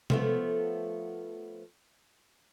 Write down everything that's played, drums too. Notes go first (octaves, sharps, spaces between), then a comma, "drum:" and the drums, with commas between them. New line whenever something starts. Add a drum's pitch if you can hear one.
F3 A3 B3, drum: tom